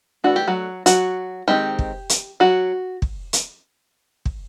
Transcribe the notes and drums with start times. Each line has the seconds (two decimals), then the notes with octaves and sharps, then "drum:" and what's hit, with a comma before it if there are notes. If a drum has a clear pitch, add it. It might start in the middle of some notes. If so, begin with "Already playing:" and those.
0.24 E3 A3 D4 F#4
0.36 G4
0.48 F#3 F#4
0.86 F#3 F#4, drum: hi-hat
1.48 D#3 G3 G#3 C4 D#4 G4
1.79 drum: kick
2.09 drum: hi-hat
2.40 F#3 F#4
3.02 drum: kick
3.33 drum: hi-hat
4.25 drum: kick